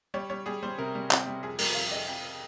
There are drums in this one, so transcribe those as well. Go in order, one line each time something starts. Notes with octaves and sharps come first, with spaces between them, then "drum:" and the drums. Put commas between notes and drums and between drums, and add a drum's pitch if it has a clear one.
G3 C#5
G3 C#5
G3 G#4
G3 C5
C3 A#4
G3
C3, drum: clap
G3
F2 G#4
G3 A#4, drum: open hi-hat
F2 F5
F2 D#5
F2 G5